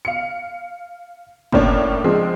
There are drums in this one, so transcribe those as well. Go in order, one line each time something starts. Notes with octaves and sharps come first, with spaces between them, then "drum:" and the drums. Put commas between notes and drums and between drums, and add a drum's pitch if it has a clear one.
F5 C#7
A2 A#3 C#4 D4, drum: kick
F3 G#3 C4